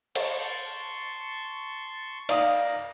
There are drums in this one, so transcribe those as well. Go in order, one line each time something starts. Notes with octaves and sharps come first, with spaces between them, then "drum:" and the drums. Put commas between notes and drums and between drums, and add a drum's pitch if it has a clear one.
A5 C6 C#6, drum: cymbal
A#4 D5 F5 A#5 D#6, drum: cymbal